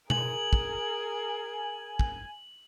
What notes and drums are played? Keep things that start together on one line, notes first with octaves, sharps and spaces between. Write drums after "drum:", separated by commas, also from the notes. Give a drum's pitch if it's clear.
G#4 A#4 G#5 F#7, drum: tom
drum: kick
drum: kick